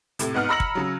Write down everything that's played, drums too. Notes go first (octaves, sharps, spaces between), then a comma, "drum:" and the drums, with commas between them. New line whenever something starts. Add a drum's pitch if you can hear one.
A2 C3, drum: hi-hat
G#2 B3 F#5 F6
A#5 B5 E6 A#6 C#7 F#7
drum: kick
C#3 F#3